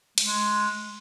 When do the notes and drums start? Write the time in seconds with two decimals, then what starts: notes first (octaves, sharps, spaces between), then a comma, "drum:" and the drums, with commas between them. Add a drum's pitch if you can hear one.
0.18 G#3, drum: cymbal